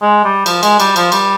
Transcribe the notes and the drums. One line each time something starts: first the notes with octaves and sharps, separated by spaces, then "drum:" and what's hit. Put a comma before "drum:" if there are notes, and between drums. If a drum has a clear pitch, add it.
G#3
G3
F3, drum: cymbal
G#3, drum: cymbal
G3, drum: cymbal
F3, drum: cymbal
G3, drum: cymbal